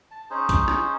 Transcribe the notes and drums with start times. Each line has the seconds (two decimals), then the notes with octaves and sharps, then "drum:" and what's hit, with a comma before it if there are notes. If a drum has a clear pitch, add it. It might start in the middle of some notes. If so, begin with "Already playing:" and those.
0.11 A5
0.30 C#4 D#4 G#4 C5
0.49 drum: kick B1, hi-hat
0.68 drum: rim click